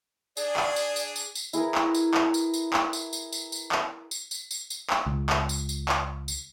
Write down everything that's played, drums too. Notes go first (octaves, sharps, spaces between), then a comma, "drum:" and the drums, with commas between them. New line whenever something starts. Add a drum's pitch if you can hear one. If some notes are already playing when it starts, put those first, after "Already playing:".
D4 G#4 D5, drum: tambourine
drum: clap
drum: tambourine
drum: tambourine
drum: tambourine
drum: tambourine
E4 G#4 A#4 B4, drum: tambourine
drum: clap
drum: tambourine
drum: clap
drum: tambourine
drum: tambourine
drum: clap
drum: tambourine
drum: tambourine
drum: tambourine
drum: tambourine
drum: clap
drum: tambourine
drum: tambourine
drum: tambourine
drum: tambourine
drum: clap
C#2
drum: clap
drum: tambourine
drum: tambourine
drum: clap
drum: tambourine